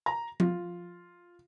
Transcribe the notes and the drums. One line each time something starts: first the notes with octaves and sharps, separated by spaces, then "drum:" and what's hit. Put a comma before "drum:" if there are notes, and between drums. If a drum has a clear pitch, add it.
A#5
F4, drum: tom F3